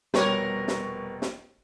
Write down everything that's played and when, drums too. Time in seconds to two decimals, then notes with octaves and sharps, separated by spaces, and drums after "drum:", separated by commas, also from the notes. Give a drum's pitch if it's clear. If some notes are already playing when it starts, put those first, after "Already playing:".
0.14 F1 B2 G3 G4 A#4 B4 C#5 C#6, drum: snare
0.68 drum: snare
1.22 drum: snare